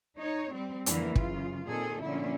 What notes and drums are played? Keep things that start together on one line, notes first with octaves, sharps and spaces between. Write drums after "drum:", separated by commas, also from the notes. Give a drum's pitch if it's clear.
D#4 C#5
G3 C4
F2 D3 E3 A#3, drum: hi-hat
F#2 C#3 F4, drum: kick
A#2 D#3 C4 G#4 A4
A#2 D3 F3 C#4 D4 E4